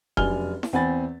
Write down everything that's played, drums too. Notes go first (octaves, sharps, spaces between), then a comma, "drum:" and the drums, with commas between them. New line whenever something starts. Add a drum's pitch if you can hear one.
F1 F#2 D4 G#5 F6 G7, drum: kick E1
drum: snare E4
E2 C4 F#5 G#5 B5 A6